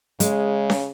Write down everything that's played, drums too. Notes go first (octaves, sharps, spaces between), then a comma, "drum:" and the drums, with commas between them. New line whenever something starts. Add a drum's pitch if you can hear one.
C#3 G#3, drum: hi-hat
drum: snare C#4